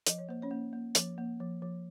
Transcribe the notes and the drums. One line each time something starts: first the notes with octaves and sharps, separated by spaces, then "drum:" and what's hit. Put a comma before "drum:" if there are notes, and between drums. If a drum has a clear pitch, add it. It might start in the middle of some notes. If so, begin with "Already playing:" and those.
F3 D#5, drum: hi-hat
C#5
A#3 C5
C#4 C#5
A#3
A#3
F3, drum: hi-hat
A#3
F3
F3